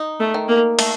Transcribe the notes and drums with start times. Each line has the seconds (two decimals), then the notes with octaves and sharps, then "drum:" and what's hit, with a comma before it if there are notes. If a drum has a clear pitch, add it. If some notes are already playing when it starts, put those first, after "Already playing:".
Already playing: D#4
0.20 A3
0.34 D#3
0.48 A#3
0.79 A3, drum: cymbal